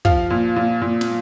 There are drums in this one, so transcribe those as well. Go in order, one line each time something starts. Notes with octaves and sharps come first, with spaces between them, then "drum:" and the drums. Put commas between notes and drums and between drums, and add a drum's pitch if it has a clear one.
F3 F5, drum: kick
A#2
A#2
A#2
drum: snare